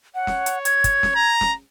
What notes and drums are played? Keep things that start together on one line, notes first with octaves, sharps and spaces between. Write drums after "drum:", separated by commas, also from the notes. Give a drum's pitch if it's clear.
C#5 F#5
drum: snare
drum: hi-hat
G#6, drum: hi-hat
drum: kick, hi-hat
drum: snare
A#5
drum: snare